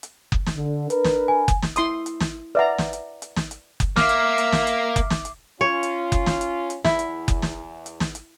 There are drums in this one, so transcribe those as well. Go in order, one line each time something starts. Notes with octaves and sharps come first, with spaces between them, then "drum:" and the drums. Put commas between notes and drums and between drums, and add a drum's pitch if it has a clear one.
drum: hi-hat
drum: kick F#1
drum: snare
D3
D4 A#4 B4, drum: hi-hat
drum: snare
G#5
drum: kick F#1, hi-hat
drum: snare
E4 C6 D#6, drum: hi-hat
drum: hi-hat
drum: snare
B4 D5 E5 F#5 A#5
drum: snare
drum: hi-hat
drum: hi-hat
drum: snare
drum: hi-hat
drum: kick F#1, hi-hat
A#3 E5 D6 F6 C7, drum: snare
drum: hi-hat
drum: hi-hat
drum: snare
drum: hi-hat
drum: kick F#1, hi-hat
drum: snare
drum: hi-hat
C#4 F4 C#5
drum: hi-hat
drum: kick F#1, hi-hat
drum: snare
drum: hi-hat
drum: hi-hat
E2 E4, drum: snare
drum: hi-hat
drum: kick F#1, hi-hat
drum: snare
drum: hi-hat
drum: snare
drum: hi-hat